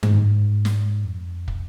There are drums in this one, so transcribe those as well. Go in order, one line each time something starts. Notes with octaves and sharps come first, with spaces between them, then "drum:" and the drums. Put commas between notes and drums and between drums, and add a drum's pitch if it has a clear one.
G#2, drum: tom G2
drum: snare
F2
drum: kick